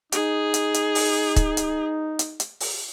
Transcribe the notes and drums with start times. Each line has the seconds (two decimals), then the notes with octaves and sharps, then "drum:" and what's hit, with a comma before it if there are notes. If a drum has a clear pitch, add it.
0.12 D#4 G#4, drum: hi-hat
0.54 drum: hi-hat
0.74 drum: hi-hat
0.95 drum: open hi-hat
1.36 drum: kick C#1, hi-hat
1.57 drum: hi-hat
2.19 drum: hi-hat
2.40 drum: hi-hat
2.60 drum: open hi-hat